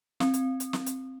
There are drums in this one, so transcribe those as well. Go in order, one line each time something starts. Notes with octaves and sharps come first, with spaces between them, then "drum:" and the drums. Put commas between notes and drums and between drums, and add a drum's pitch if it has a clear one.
C4, drum: snare
drum: hi-hat
drum: hi-hat
drum: snare
drum: hi-hat